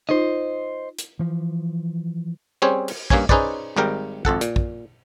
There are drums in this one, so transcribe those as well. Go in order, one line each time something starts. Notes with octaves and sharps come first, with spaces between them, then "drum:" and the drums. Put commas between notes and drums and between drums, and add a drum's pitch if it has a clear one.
D#4 F4 C5 D#5
drum: hi-hat
E3 F3
G3 C4 C#4 G#4 C5 C#5
drum: cymbal
G2 A#3 C#4 C#5 G#5, drum: kick
C#4 D#4 G#4 B4 C5 D5, drum: kick
G#1 G#2 G3 A#4 G5
G#1 F2 A4 F#5, drum: kick
A#2, drum: hi-hat
drum: kick